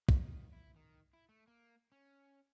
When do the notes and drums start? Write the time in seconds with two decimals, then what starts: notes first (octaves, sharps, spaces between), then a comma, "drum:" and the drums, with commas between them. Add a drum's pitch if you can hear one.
0.09 D#3, drum: kick
0.53 E4
0.76 D#3
1.13 E4
1.29 A3
1.48 A#3
1.92 C#4